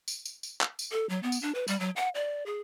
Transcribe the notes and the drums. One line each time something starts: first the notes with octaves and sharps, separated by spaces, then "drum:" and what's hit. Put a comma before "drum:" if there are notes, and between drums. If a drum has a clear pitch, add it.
drum: tambourine
drum: tambourine
drum: tambourine
drum: clap
drum: tambourine
A4
F#3
B3
drum: tambourine
D4
B4
G3, drum: tambourine
F#3
F#5
D5
G#4